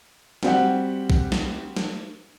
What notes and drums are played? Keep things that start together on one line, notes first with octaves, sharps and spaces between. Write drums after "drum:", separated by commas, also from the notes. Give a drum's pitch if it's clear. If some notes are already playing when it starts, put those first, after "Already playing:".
G3 C4 F#4 G4 F#5, drum: snare
drum: kick B1
drum: snare
drum: snare